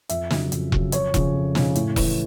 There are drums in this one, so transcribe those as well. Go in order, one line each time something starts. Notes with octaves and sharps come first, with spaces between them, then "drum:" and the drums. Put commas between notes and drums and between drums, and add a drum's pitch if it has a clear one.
F2 E5, drum: hi-hat
C#3 F#3, drum: snare
F2, drum: hi-hat
C#3 F#3, drum: kick E1
F2 C#5, drum: hi-hat
C#3 F3, drum: kick E1, hi-hat
F2
C#3 F3, drum: snare
A2, drum: hi-hat
E3 A3, drum: kick E1, open hi-hat